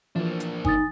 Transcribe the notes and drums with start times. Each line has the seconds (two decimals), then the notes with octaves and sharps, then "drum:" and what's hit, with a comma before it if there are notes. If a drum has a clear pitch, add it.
0.16 E3 F3 A#3 D4
0.40 drum: hi-hat
0.65 D#4 G#5 D#6 A6, drum: kick G1